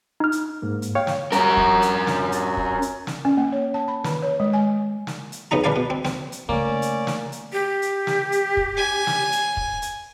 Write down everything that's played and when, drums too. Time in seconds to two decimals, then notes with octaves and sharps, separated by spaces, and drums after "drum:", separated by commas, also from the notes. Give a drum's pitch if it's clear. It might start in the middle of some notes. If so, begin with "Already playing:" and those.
0.20 D#4 F6
0.32 drum: hi-hat
0.62 G#2 A#3
0.82 drum: hi-hat
0.95 C#5 F5 G5
1.07 drum: snare
1.32 C#4 A#4, drum: hi-hat
1.57 drum: kick
1.82 drum: hi-hat
2.07 drum: snare
2.32 drum: hi-hat
2.57 drum: kick
2.82 drum: hi-hat
3.07 drum: snare
3.25 C#4
3.37 A#3
3.52 C#5
3.74 A5
3.88 B5
4.04 D#3, drum: snare
4.22 C#5
4.40 G#3
4.53 G#5
5.07 drum: snare
5.32 drum: hi-hat
5.51 F2 C#3 B3 D#4 A#5
5.64 A#1 D4 B4 D5 F5 G#5
5.76 B2
5.90 C4
6.05 C4, drum: snare
6.32 drum: hi-hat
6.49 C#3 A3 A#3 C#4 D5
6.82 drum: hi-hat
7.07 drum: snare
7.32 drum: hi-hat
7.53 G4
7.82 drum: hi-hat
8.07 drum: snare
8.32 drum: hi-hat
8.57 drum: kick
8.77 G#5
9.07 drum: snare
9.32 drum: hi-hat
9.57 drum: kick
9.82 drum: hi-hat